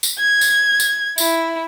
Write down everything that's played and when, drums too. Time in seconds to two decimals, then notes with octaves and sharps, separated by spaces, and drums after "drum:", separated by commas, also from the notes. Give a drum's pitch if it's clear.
0.03 drum: tambourine
0.19 G#6
0.41 drum: tambourine
0.80 drum: tambourine
1.18 E4, drum: tambourine